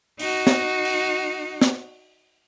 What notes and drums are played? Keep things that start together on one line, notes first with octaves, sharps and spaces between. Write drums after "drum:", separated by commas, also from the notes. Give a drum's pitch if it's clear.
D#4 F#4, drum: open hi-hat
drum: snare
drum: open hi-hat
drum: snare